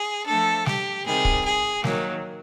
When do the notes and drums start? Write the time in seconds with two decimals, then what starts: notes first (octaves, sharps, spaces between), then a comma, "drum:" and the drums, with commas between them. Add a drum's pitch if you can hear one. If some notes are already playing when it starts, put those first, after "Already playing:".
Already playing: G#4
0.26 F3 A3 D4 A4
0.66 G4, drum: snare
1.05 C3 D#3 G3 G#4
1.25 drum: kick
1.45 G#4
1.84 D#3 F#3 A#3, drum: snare